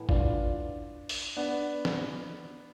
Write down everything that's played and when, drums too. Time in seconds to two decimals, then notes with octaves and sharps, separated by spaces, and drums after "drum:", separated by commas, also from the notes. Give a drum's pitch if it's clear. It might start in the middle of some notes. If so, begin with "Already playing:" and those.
Already playing: A2 E3 B3
0.09 D4 F4, drum: kick G#1
1.09 drum: open hi-hat
1.36 B3 D4
1.85 drum: snare